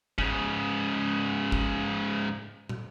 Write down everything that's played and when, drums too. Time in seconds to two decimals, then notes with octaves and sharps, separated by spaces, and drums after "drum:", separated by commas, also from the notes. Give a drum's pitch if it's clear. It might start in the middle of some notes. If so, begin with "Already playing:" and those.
0.18 G#2 C#3, drum: kick
1.52 drum: kick
2.69 drum: tom